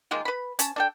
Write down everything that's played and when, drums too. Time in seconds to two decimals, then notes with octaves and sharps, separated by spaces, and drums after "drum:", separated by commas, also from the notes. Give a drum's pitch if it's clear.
0.11 D#3 G#3 A#3 F4
0.25 B4 B5
0.59 C#4 A5, drum: hi-hat
0.76 D4 A4 G5